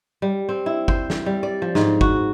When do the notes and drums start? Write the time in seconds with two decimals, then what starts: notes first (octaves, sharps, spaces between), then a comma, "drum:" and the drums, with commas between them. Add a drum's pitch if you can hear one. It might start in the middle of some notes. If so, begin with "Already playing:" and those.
0.22 G3
0.49 C4
0.66 E4
0.88 C5, drum: kick
1.10 drum: snare
1.26 G3
1.43 D5
1.62 F3
1.75 G#2, drum: snare
2.01 F#4, drum: kick